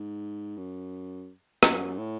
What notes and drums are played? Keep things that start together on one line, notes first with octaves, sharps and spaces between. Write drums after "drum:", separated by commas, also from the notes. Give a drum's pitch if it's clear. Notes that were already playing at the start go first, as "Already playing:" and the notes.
Already playing: G#2
F#2
F#2, drum: rim click
A2